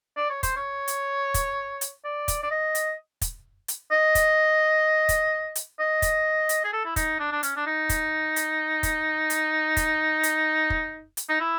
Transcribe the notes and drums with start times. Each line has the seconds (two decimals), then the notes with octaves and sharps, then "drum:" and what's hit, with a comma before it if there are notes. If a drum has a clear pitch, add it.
0.17 D5
0.30 C#5
0.43 C5, drum: kick, hi-hat
0.56 C#5
0.88 drum: hi-hat
1.34 drum: kick, hi-hat
1.81 drum: hi-hat
2.04 D5
2.28 drum: kick, hi-hat
2.43 D5
2.51 D#5
2.75 drum: hi-hat
3.22 drum: kick, hi-hat
3.68 drum: hi-hat
3.92 D#5
4.15 drum: kick, hi-hat
5.09 drum: kick, hi-hat
5.55 drum: hi-hat
5.79 D#5
6.02 drum: kick, hi-hat
6.49 drum: hi-hat
6.64 G#4
6.73 A4
6.85 E4
6.96 D#4, drum: kick, hi-hat
7.20 D4
7.32 D4
7.43 C#4, drum: hi-hat
7.56 D4
7.67 D#4
7.89 drum: kick, hi-hat
8.36 drum: hi-hat
8.83 drum: kick, hi-hat
9.30 drum: hi-hat
9.77 drum: kick, hi-hat
10.23 drum: hi-hat
10.70 drum: kick
11.17 drum: hi-hat
11.29 D#4
11.40 E4